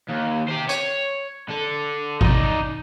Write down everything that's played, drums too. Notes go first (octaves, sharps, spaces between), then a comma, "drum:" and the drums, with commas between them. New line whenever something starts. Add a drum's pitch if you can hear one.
D#2
G4 C5
C#5, drum: hi-hat
D3 A4
D#4 D5, drum: kick G#1